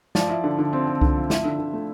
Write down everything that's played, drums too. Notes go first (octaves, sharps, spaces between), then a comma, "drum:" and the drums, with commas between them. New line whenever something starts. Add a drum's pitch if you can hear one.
F3 D5, drum: snare
E4
D3
D3
C4
C4
D3, drum: kick C2
F3
E4 E5, drum: snare
D3
D3
A3